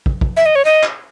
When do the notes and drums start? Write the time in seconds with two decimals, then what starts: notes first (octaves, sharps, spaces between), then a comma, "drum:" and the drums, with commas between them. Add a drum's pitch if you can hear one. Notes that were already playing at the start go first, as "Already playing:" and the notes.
0.06 drum: kick
0.21 drum: kick
0.37 E5
0.46 D#5
0.56 C#5
0.65 D#5
0.83 drum: clap